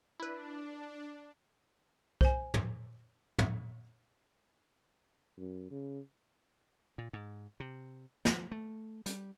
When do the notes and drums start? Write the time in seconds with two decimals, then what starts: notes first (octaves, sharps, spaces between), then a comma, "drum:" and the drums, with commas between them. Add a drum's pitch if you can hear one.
0.20 D4 E4 B4
2.21 C5 G#5, drum: kick B1
2.54 drum: tom
3.38 drum: tom
5.38 F#2
5.71 C#3
6.98 A#2
7.13 G#2
7.60 C3
8.25 F3, drum: snare
8.52 A3
9.06 G3, drum: hi-hat